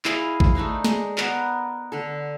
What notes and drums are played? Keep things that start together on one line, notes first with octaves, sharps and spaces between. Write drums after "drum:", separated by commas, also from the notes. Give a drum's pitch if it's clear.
E4 G#4 D#5 F5, drum: clap
drum: kick
A3 D4 D#4 C5
G#3, drum: snare
B3 A#4, drum: clap
D3 A4